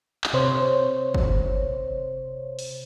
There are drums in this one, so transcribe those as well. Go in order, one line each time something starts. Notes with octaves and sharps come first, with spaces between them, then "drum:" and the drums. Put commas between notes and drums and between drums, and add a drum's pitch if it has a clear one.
drum: clap
C3 C5 C#5
drum: kick
drum: open hi-hat